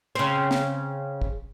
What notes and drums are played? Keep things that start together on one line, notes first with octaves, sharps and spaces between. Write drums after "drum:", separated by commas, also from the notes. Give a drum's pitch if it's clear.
C#3 C4
drum: snare
drum: kick